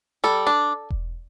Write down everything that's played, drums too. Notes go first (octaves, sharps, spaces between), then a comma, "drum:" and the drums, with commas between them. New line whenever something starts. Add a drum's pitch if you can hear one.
G3 A4
D4
drum: kick E1